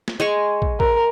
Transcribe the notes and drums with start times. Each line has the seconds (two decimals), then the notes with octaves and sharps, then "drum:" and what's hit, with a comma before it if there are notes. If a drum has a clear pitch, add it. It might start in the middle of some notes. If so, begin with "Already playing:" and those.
0.08 drum: snare
0.20 G#3 G#5 C#6
0.62 drum: kick
0.80 A#4, drum: kick